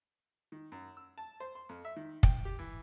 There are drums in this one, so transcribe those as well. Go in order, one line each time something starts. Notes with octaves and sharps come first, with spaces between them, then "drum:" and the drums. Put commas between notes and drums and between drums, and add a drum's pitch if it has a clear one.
D#3
F#2
E6
A5
C5
C6
F2
E5
D#3
G5, drum: kick
G4
E3